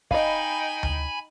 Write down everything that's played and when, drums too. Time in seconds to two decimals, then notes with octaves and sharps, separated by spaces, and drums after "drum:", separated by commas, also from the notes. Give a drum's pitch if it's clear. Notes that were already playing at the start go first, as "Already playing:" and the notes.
0.11 D#4 D#5 F5 G5 G#5 B5, drum: kick
0.83 drum: tom D2